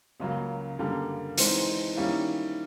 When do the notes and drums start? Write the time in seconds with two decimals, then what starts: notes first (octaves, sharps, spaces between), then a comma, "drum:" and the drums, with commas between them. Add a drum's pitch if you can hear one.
0.20 C#2 C#3 F#3 A#3
0.78 F#2 D3 G3 A#3
1.38 E3 G#3 C4 D#4, drum: hi-hat
1.96 D#3 G3 A#3 C#4 E4